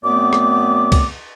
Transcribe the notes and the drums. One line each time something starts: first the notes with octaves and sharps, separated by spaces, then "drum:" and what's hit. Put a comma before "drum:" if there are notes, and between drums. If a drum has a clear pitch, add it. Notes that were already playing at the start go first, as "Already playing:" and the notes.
F#2 A3 B3 C4 D5 D6
drum: rim click
drum: kick, cymbal